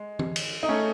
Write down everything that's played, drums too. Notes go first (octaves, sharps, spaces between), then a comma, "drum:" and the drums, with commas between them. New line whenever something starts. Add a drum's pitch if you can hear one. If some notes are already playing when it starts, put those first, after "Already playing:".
Already playing: G#3
drum: tom E3
drum: cymbal
D#4
A3 C#4